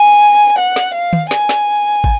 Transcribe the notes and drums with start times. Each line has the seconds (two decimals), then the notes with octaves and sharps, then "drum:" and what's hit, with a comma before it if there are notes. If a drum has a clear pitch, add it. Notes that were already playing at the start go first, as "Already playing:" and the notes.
Already playing: G#5
0.58 F#5
0.76 drum: snare
0.94 F5
1.13 drum: tom
1.31 G#5, drum: snare
1.49 drum: snare
2.04 drum: kick